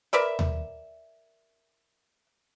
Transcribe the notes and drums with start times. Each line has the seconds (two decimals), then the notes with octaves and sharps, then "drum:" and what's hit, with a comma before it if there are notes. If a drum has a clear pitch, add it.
0.13 A#4 B4 D5 E5
0.39 drum: tom D#2